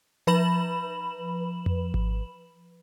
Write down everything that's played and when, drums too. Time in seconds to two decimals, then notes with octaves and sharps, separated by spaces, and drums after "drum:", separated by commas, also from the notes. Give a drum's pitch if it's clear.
0.27 F3 B4 B5 E7 F#7
1.66 drum: tom F2
1.94 drum: kick G#1